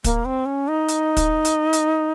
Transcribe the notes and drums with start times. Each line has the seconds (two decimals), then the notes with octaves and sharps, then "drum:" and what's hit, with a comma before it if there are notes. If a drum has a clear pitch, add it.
0.04 A#3, drum: kick, hi-hat
0.25 C4
0.46 C#4
0.68 D#4
0.89 drum: hi-hat
1.17 drum: kick, hi-hat
1.45 drum: hi-hat
1.73 drum: hi-hat